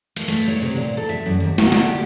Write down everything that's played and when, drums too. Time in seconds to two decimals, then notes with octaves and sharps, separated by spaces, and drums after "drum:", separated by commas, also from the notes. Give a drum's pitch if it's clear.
0.16 A3, drum: cymbal
0.28 A3, drum: cymbal
0.48 C#5
0.62 C3
0.76 A#2
0.97 A4
1.09 E5
1.26 F#2
1.40 D#2
1.58 F#4, drum: snare
1.72 D3, drum: snare
1.89 G4